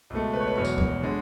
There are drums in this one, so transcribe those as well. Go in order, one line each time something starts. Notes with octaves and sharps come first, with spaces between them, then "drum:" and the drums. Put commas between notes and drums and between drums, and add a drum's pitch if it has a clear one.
C#2 B2 A3
B4
C#5
B4
E1 E2 B2 F#3 C#5
drum: tambourine
drum: kick C#2
D3 G#3